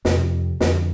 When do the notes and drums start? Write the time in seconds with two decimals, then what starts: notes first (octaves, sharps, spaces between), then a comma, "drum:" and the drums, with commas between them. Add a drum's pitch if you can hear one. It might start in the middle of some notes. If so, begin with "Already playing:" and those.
0.05 F2 C3, drum: snare
0.60 F2 D3, drum: snare